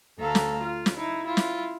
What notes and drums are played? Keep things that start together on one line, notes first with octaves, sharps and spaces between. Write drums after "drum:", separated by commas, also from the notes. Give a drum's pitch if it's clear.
D2 A3 A4 F5 A#5
drum: snare
F4
drum: snare
D#4 E4
E4 F4
drum: snare